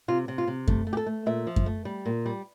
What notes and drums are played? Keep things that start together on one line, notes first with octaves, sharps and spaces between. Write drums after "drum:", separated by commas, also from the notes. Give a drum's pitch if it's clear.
C3 F4
C3
F4
C3
A3, drum: kick F#2
A3
G4
A4
A3
A#2 E5
F3
drum: kick F#2
A3
G3
A#2
G3